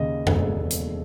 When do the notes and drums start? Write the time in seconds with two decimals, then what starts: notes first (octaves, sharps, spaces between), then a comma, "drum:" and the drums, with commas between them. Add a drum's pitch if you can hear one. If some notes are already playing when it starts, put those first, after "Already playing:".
Already playing: D#2 C#3 D#5
0.27 E1 A4, drum: tom F#2
0.60 E1
0.71 drum: hi-hat